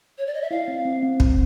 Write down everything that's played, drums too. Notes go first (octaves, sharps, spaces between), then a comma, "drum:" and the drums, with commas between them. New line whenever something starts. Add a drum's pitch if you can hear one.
C#5
D5
D#5
E5
E4 F5
C4
C4
C4
C4, drum: kick